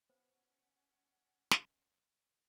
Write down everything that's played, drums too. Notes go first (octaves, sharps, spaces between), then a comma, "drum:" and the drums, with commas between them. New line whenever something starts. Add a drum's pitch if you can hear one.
B3 C#4 C5 F#5
drum: snare